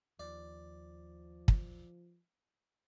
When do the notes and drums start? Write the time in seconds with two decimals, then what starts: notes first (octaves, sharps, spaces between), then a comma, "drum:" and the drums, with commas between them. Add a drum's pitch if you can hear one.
0.19 D#2 F3 D5
1.48 drum: kick